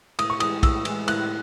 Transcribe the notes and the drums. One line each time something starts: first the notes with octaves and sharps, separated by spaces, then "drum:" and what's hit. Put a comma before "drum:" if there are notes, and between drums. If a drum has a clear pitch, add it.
A2 D#6, drum: cymbal
C#6
E3 G#3 D#6, drum: cymbal
A2 E6, drum: kick B1, cymbal
E3 G#3, drum: cymbal
A2 F#6, drum: cymbal